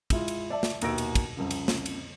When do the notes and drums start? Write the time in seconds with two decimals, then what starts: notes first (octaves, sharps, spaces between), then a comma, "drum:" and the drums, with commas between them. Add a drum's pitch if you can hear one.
0.10 G#3 E4 F4, drum: kick, cymbal
0.28 drum: cymbal
0.50 D5 E5 A5
0.63 drum: snare
0.81 A#1 D#2 B2 E6 A#6 D7, drum: cymbal
0.98 drum: cymbal
1.15 drum: kick, cymbal
1.37 C2 F2 C#3
1.51 drum: cymbal
1.68 drum: snare
1.86 drum: cymbal